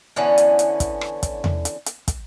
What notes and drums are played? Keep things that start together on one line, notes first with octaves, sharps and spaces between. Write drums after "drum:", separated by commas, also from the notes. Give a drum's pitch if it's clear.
D3 E3 B3 C#4
drum: hi-hat
drum: hi-hat
drum: kick, hi-hat
drum: rim click
drum: kick, hi-hat
drum: tom E2
drum: hi-hat
drum: hi-hat
drum: kick, hi-hat